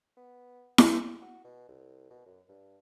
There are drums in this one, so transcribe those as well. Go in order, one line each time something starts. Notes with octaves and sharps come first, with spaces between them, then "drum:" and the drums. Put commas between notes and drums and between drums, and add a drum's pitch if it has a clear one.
B3
G4, drum: snare E4
F#4
B2
C2
B2
F#2
G2